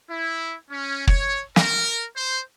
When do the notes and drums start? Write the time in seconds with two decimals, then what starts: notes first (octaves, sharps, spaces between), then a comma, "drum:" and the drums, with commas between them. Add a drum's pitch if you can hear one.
0.10 E4
0.70 C#4
1.07 C#5, drum: kick
1.56 A#4, drum: snare
2.16 C5